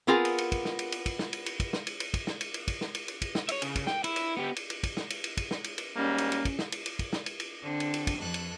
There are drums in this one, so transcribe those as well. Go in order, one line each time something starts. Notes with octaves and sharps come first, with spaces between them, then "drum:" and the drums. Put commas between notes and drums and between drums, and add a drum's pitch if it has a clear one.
B3 C4 F4 G#4 A#4 G#5
drum: cymbal
drum: cymbal
drum: kick, cymbal
drum: snare
drum: cymbal
drum: cymbal
drum: kick, cymbal
drum: snare
drum: cymbal
drum: cymbal
drum: kick, cymbal
drum: snare
drum: cymbal
drum: cymbal
drum: kick, cymbal
drum: snare
drum: cymbal
drum: cymbal
drum: kick, cymbal
drum: snare
drum: cymbal
drum: cymbal
drum: kick, cymbal
drum: snare
C#5 E5, drum: cymbal
C#3, drum: cymbal
drum: kick, cymbal
G5, drum: snare
E4, drum: cymbal
drum: cymbal
B3 G4
drum: cymbal
drum: cymbal
drum: kick, cymbal
drum: snare
drum: cymbal
drum: cymbal
drum: kick, cymbal
drum: snare
drum: cymbal
drum: cymbal
G#2 G3 A#3 C#4
drum: cymbal
drum: cymbal
drum: kick, cymbal
drum: snare
drum: cymbal
drum: cymbal
drum: kick, cymbal
drum: snare
drum: cymbal
drum: cymbal
D3 C4
drum: cymbal
drum: cymbal
drum: kick, cymbal
F2 A4 F#6
drum: cymbal